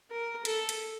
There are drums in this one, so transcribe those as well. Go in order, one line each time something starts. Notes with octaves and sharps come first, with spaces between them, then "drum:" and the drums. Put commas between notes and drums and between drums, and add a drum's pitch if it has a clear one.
A#4
A4, drum: hi-hat
drum: hi-hat